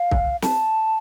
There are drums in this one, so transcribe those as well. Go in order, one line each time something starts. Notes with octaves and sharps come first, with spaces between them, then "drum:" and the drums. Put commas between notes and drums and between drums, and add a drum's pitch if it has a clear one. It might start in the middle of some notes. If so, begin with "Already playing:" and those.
Already playing: F5
drum: kick
A5, drum: snare